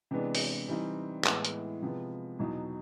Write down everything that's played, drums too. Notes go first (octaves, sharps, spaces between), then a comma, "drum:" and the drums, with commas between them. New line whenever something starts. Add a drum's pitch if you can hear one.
C3 E3 G#3 B3 D4
drum: open hi-hat
E3 G3 C4 D#4
A2 E3 G#3 B3, drum: clap
drum: hi-hat
C3 F3 G#3 B3
E2 B2 F#3 B3 D#4